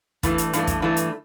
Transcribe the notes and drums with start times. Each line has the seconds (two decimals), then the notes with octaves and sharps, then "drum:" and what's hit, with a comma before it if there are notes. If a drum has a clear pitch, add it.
0.23 G2 E3 A3, drum: kick, hi-hat
0.38 drum: hi-hat
0.53 G2 E3 A3, drum: hi-hat
0.67 drum: kick, hi-hat
0.82 G2 E3 A3
0.97 drum: hi-hat